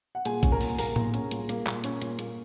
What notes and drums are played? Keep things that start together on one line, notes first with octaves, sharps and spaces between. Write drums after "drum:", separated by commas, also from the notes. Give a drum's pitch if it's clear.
F#5
A#2 G#4 G#5, drum: hi-hat
C#4, drum: kick, hi-hat
A#4 A#5
A#2, drum: open hi-hat
A#3 A#4 A#5, drum: open hi-hat
A#2, drum: tom A2
C#4, drum: hi-hat
A#2, drum: hi-hat
A#3, drum: hi-hat
A#2, drum: clap
C#4, drum: hi-hat
A#2, drum: hi-hat
A#3, drum: hi-hat